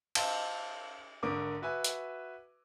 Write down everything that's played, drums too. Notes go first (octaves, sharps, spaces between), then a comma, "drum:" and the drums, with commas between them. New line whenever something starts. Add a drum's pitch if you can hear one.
C5 F5 A5, drum: cymbal
G#1 D3 A#4 D6 D#6
F#4 B4 E5 G#5
drum: hi-hat